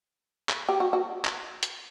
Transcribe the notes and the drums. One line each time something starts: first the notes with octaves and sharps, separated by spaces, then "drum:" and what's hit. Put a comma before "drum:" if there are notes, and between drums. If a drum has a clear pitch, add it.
drum: clap
G4
F#4
F#4
drum: clap
drum: hi-hat